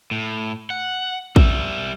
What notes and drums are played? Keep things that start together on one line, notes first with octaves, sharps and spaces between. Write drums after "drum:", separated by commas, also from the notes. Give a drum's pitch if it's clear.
A2
F#5
G3 E5, drum: kick